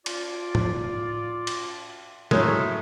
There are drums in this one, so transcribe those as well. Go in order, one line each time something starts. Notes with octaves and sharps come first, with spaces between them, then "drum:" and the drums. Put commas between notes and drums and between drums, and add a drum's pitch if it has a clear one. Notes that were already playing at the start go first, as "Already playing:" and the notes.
F4 D5, drum: cymbal
drum: tom A2
drum: cymbal
A2 F#3 G#3 A3 A#4 C#5, drum: snare